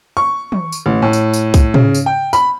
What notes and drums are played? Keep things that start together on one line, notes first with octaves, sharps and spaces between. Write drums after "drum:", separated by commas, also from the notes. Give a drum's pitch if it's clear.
C#6
drum: tom
drum: tambourine
A1
A2
drum: tambourine
drum: tambourine
drum: kick C2, tambourine
C#3, drum: tom
drum: tambourine
G5
B5, drum: tambourine